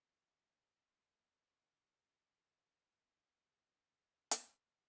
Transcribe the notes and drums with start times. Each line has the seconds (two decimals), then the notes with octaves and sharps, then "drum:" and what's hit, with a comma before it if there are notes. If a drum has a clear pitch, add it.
0.31 C#3 F#3 B4 D#5
3.65 C#4 G#4 A#4
3.83 D5 C#6 F6 F#6 C#7
4.31 drum: hi-hat